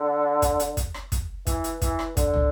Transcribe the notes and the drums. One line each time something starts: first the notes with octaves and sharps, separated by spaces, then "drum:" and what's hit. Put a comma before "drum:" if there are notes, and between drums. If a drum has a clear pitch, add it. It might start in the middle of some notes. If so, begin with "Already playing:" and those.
Already playing: D3
drum: kick, hi-hat
drum: hi-hat
drum: kick, hi-hat
drum: rim click
drum: kick, hi-hat
E3, drum: kick, hi-hat
drum: hi-hat
E3, drum: kick, hi-hat
drum: rim click
D3, drum: kick, hi-hat
drum: tom